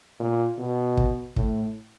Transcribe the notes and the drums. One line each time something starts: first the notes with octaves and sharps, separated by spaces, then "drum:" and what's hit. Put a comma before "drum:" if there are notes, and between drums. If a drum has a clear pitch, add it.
A#2
B2
drum: kick
A2, drum: kick